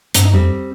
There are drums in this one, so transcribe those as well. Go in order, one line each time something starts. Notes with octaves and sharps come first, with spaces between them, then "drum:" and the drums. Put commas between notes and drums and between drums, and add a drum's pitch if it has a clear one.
G2 C4, drum: hi-hat
D#4
F2 G3 C4